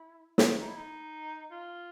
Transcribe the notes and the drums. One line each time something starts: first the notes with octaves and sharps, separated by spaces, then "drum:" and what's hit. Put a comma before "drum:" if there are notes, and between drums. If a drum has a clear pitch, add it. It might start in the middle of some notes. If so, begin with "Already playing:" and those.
Already playing: E4
drum: snare
D#4
E4
D#4
F4